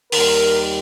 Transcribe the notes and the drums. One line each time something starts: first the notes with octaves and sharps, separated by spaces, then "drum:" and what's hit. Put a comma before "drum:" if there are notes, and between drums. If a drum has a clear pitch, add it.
D#2 D#3 G3 A#4, drum: open hi-hat